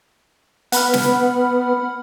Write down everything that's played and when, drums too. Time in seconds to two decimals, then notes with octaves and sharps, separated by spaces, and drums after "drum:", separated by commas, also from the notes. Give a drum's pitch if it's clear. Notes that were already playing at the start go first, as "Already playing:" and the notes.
0.72 B3 F#5 B5 F6, drum: hi-hat
0.93 drum: snare